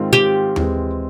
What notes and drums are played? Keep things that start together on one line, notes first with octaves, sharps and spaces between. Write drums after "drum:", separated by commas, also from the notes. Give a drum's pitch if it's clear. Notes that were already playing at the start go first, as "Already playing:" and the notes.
Already playing: G#2 D#3 G#3 C4 F4
G4
E3 G#3 C4, drum: tom D#2